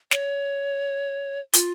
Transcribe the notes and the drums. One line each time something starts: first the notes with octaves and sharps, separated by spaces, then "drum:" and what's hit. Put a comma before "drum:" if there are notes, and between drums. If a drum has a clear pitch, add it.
C#5, drum: snare
F4, drum: hi-hat